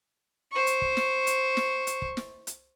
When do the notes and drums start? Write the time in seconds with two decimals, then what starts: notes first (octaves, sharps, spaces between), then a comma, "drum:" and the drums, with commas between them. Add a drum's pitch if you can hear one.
0.52 C5 C#6
0.67 drum: hi-hat
0.82 drum: kick
0.97 drum: snare
1.27 drum: hi-hat
1.57 drum: snare
1.87 drum: hi-hat
2.02 drum: kick
2.17 drum: snare
2.47 drum: hi-hat